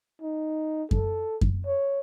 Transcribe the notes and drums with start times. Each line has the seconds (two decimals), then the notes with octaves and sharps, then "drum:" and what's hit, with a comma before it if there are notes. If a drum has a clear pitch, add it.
0.22 D#4
0.91 A4, drum: kick F#2
1.41 drum: kick F#2
1.66 C#5